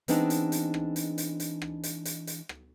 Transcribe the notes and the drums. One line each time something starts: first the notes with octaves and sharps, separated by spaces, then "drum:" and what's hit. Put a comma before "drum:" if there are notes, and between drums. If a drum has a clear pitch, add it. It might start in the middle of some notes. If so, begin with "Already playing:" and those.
E3 G#3 B3 C4 D4 D#4, drum: hi-hat
drum: hi-hat
drum: hi-hat
drum: rim click
drum: hi-hat
drum: hi-hat
drum: hi-hat
drum: rim click
drum: hi-hat
drum: hi-hat
drum: hi-hat
drum: rim click